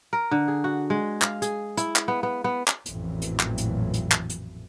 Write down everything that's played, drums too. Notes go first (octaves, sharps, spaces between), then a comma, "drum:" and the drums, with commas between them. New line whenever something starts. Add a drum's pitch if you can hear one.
A#4
D3
G#4
F#4
G#3
F5, drum: clap
G#4, drum: hi-hat
E4, drum: hi-hat
drum: clap
B3
B3
B3
drum: clap
A1 F2 A#2 E3 F#3, drum: hi-hat
drum: hi-hat
drum: clap
drum: hi-hat
drum: hi-hat
drum: clap
drum: hi-hat